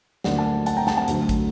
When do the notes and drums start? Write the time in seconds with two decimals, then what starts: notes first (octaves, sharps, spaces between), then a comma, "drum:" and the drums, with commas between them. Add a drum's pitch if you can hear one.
0.24 D2 D3 F#3 A#3 D5 F#5, drum: snare
0.38 F#5 A5
0.66 F#5 A5, drum: hi-hat
0.77 G5 A#5
0.87 F#5 A5, drum: snare
0.97 F#5 A5
1.08 D2 D3 F#3 A3 C4, drum: hi-hat
1.29 drum: kick, hi-hat